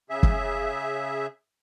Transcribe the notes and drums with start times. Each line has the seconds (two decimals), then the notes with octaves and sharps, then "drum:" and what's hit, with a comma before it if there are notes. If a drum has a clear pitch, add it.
0.10 C#3 G#4 E5
0.23 drum: kick